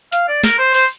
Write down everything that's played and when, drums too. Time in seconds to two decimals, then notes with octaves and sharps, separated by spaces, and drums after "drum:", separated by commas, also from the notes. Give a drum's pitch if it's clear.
0.12 F5, drum: hi-hat
0.28 D5
0.44 A#4, drum: snare
0.59 C5
0.74 C5, drum: open hi-hat